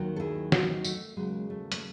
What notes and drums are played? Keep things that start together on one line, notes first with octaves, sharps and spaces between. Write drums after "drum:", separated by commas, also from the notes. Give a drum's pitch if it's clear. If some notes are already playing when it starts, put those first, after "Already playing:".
Already playing: D#2 D#3 F#3
A4
E4 G#4
D#4 F#4, drum: snare
A3, drum: tambourine
D#2 C#3 F#3 G#3
A3
A3, drum: hi-hat